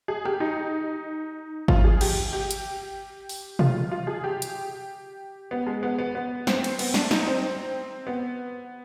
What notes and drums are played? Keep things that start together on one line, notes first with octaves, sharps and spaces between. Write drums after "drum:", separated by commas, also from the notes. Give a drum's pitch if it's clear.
G#4
G4, drum: rim click
D#4
F4, drum: kick G#1
G#4
G4, drum: cymbal
G4
drum: hi-hat
drum: open hi-hat
F4, drum: tom B2
F4
G#4
G4
drum: hi-hat
B3
G#3
B3
B3
B3
C4, drum: snare
drum: cymbal
B3, drum: cymbal
D4, drum: snare
D#4, drum: snare
C4
B3